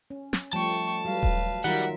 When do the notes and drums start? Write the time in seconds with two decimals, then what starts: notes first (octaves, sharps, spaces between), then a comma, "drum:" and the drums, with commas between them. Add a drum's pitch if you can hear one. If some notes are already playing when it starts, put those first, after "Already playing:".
0.10 C#4
0.33 drum: snare
0.53 F3 G3 A3 G5 A5 C#6
1.05 F#3 G3 B4 F5
1.23 drum: kick D#1
1.64 D#3 F#3 G3 F4 A#4 E5 F#5